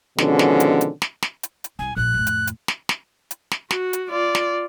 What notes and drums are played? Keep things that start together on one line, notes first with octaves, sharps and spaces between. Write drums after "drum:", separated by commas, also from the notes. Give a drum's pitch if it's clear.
B2 D3 D#3 F3 G#3 C#4, drum: snare
drum: snare
drum: hi-hat
drum: hi-hat
drum: snare
drum: snare
drum: hi-hat
drum: hi-hat
C2 G#5
A#1 A2 F#6
F2 A2
drum: hi-hat
drum: hi-hat
drum: snare
drum: snare
drum: hi-hat
drum: snare
F#4, drum: snare
drum: hi-hat
F4 D5
drum: snare